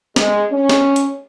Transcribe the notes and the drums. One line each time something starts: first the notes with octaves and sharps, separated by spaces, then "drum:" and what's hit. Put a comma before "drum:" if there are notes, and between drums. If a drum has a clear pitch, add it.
G#3, drum: snare
C#4
drum: snare
drum: hi-hat